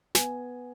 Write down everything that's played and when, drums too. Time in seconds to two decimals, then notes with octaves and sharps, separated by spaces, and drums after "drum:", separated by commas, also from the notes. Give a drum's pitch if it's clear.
0.15 B3 G#5, drum: snare